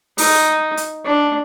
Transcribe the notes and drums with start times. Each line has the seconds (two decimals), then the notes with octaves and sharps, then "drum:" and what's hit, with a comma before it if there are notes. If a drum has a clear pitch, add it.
0.18 D#4, drum: open hi-hat
0.77 drum: hi-hat
1.05 D4